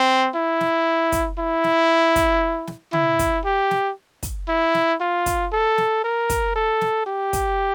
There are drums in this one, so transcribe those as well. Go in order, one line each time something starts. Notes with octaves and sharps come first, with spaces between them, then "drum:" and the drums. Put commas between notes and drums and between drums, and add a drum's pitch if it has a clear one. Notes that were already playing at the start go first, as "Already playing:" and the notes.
Already playing: C4
E4
drum: snare
drum: kick, hi-hat
E4
drum: snare
drum: kick, hi-hat
drum: snare
E4, drum: tom C#3
drum: kick, hi-hat
G4
drum: snare
drum: kick, hi-hat
E4
drum: snare
F4
drum: kick, hi-hat
A4
drum: snare
A#4
drum: kick, hi-hat
A4
drum: snare
G4
drum: kick, hi-hat